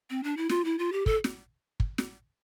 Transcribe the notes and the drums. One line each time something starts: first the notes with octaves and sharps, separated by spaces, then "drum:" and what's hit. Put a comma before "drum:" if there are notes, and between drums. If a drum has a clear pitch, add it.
C4
D4
E4
F4, drum: snare
E4
F4
G4
A4, drum: kick
drum: snare
drum: kick
drum: snare